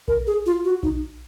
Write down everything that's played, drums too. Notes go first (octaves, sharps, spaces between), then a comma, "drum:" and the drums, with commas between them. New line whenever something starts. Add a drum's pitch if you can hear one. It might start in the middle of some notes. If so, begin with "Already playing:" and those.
A#4, drum: kick A#1
G#4
F4
F#4
D#4, drum: kick A#1